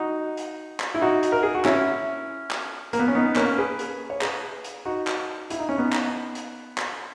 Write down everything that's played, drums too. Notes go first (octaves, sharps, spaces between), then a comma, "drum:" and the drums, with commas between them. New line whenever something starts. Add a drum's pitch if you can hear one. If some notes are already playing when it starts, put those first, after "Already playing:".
Already playing: D#4 F#4
drum: hi-hat
drum: clap
E4
D#4 F#4
drum: hi-hat
A#4
G#4
F#4
C#4 E4, drum: clap
drum: clap
A#3, drum: hi-hat
B3
C#4
B3 D#4
A#3 C#4, drum: clap
G#4 B4
drum: hi-hat
C#5
G#4 B4, drum: clap
drum: hi-hat
D#4 F#4
drum: clap
E4, drum: hi-hat
D#4
C#4
B3 D#4
drum: clap
drum: hi-hat
drum: clap